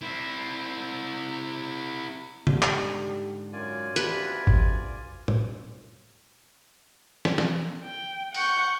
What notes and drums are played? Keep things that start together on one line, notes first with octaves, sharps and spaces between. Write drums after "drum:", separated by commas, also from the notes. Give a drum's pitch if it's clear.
C4 E4
G#2 D3 G3, drum: tom
drum: clap
F#2 F4 D5 G#5
D2 G4 A4 B4 A5, drum: hi-hat
drum: kick G#1
drum: tom
drum: snare
drum: snare
G5
F#5 C#6 G6, drum: open hi-hat